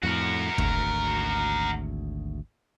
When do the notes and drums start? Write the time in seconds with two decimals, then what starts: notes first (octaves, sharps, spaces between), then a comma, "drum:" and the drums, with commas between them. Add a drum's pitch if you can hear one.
0.03 F2 A2 F#4 A#4
0.58 G#1 D2, drum: kick